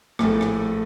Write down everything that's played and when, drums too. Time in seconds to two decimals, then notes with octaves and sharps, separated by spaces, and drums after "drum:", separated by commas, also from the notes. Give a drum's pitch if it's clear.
0.19 A#1 A2 A3, drum: rim click
0.41 drum: rim click